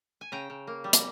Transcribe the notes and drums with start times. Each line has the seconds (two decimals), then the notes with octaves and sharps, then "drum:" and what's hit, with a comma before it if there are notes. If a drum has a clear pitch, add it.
0.21 G#5
0.32 C#3 G5 A#5
0.50 C#3
0.67 A#3
0.84 G3
0.93 A#5, drum: hi-hat